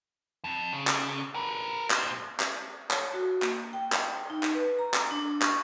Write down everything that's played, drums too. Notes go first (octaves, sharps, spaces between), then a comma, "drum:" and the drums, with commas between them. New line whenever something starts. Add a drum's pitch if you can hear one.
F2
C#3
drum: clap
A#4 B4
A#2 C5, drum: clap
drum: clap
C#5, drum: clap
F#4
A#3, drum: clap
G5
drum: clap
D#4
drum: clap
B4
A#5
drum: clap
D4
C#6, drum: clap